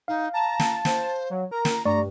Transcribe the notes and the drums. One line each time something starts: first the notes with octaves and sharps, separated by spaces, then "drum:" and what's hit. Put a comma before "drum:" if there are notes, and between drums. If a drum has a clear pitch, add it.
D#4 F5
A5 A#5
drum: snare
C5, drum: snare
F#3
A#4 A#5
drum: snare
G2 A3 D5 A#5 C#6